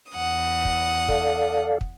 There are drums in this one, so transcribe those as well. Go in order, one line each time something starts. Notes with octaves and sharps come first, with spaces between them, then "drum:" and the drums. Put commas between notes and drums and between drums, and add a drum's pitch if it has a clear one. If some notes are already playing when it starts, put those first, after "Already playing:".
E2 F#5 D#6
drum: kick
A4 D5 F5, drum: kick
drum: kick